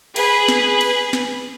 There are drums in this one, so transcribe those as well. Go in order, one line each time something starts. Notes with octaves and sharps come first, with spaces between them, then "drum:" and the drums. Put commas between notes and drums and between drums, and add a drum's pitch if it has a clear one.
G#4 B4, drum: cymbal
drum: snare
drum: cymbal
drum: snare